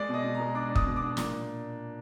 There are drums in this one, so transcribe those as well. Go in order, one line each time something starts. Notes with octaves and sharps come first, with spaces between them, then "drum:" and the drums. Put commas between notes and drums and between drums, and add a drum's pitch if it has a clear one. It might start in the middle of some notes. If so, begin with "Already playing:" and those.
Already playing: G#3 D5
B2 D#5
B2
A#5
G#3
D4 D6
D4
D#6, drum: kick
B2
D6
D4
A#2, drum: snare
A#2